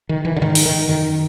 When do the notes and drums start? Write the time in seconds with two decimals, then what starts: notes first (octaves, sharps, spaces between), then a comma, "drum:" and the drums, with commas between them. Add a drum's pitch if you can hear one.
0.09 D#3
0.25 E3
0.36 D3
0.42 G#2 D#3
0.55 drum: open hi-hat
0.66 D#3
0.88 F#2 D#3